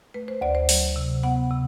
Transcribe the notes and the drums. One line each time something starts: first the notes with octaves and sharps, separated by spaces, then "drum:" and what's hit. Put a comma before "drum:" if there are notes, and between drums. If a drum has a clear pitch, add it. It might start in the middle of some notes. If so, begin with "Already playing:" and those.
A3 B4
C5
D2 D5
C5
F#3, drum: open hi-hat
C3
B3 F#5
C3